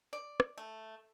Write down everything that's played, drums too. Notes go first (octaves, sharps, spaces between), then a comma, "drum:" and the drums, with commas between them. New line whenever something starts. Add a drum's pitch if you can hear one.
D5
drum: rim click
A3